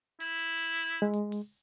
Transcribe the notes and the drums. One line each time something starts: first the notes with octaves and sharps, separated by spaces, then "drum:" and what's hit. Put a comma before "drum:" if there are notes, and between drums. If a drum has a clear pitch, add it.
E4, drum: open hi-hat
drum: hi-hat
drum: open hi-hat
drum: hi-hat
G#3
drum: hi-hat
drum: open hi-hat